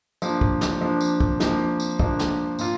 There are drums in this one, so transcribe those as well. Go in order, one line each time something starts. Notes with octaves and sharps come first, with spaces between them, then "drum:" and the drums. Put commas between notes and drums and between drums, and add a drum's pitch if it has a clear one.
F3 A#3 D4, drum: tambourine
drum: kick
drum: snare
F3 A#3 D4
drum: tambourine
drum: kick
F3 A#3 D4, drum: snare
drum: tambourine
F3 A#3 D4, drum: kick
drum: snare
A#2 A#3 F4, drum: tambourine